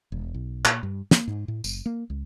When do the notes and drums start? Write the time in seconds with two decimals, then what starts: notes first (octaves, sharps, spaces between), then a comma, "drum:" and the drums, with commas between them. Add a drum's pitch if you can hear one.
0.12 E1
0.34 B1
0.65 A#2, drum: clap
0.83 G2
1.11 A#3, drum: snare
1.27 G#2
1.48 A2
1.64 F#1, drum: tambourine
1.86 A#3
2.10 C#2